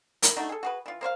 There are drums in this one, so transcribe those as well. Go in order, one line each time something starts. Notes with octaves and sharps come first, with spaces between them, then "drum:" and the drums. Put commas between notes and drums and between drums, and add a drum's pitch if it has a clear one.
E4 A#4, drum: hi-hat
A3 D4 D#4 F#4
G#4 A4
F#4 G#4 B4
E3 F4
A#3 C5 C#5 F5